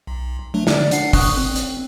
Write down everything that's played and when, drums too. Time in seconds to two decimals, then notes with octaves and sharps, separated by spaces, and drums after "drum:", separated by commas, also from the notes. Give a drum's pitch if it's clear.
0.07 B1
0.54 F#3 A3 D4
0.67 D3 D5, drum: snare
0.91 D4 F#5 C7, drum: hi-hat
1.13 C#6 D#6 F#6, drum: kick, open hi-hat
1.37 C4
1.56 drum: hi-hat